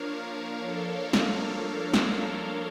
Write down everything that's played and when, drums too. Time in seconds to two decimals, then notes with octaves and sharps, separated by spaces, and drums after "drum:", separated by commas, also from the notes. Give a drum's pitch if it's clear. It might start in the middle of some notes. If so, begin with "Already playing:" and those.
Already playing: F3 A#3 D4 A#4 C#5 F5
0.23 A#4
0.68 A4
1.13 A#4, drum: snare
1.94 drum: snare